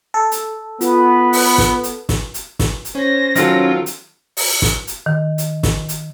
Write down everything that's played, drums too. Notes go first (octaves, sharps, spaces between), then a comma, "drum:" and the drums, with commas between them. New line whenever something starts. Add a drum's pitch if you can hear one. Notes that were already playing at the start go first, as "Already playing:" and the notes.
A4
drum: hi-hat
B3 F4 B4, drum: hi-hat
drum: open hi-hat
drum: snare
drum: hi-hat
drum: snare
drum: hi-hat
drum: snare
drum: hi-hat
C#4 C5 A#6
D#3 F#3 F4 A4, drum: hi-hat
drum: hi-hat
drum: open hi-hat
drum: snare
drum: hi-hat
D#3
drum: hi-hat
drum: snare
drum: hi-hat